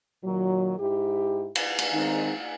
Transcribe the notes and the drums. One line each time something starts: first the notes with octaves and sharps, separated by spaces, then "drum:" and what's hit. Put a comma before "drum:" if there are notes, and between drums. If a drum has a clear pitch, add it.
A#2 D#3 F#3
G#2 E4 G4
drum: cymbal
drum: cymbal
D#3 G#3 C4 D#4